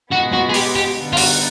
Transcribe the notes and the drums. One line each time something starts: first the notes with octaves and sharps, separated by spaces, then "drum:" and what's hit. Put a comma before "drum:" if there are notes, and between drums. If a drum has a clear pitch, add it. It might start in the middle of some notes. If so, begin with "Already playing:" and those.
B2 G#3 B3 F#4
F#4
G#4
G4, drum: open hi-hat
G4
D3 G3 B3 D#4
F4
F#4, drum: open hi-hat